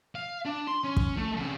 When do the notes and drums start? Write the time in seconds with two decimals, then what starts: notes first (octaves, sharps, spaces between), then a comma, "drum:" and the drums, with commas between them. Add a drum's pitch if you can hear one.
0.15 F5
0.45 D4
0.67 C6
0.84 C#4
0.97 drum: kick
1.17 A3
1.37 C#3 C4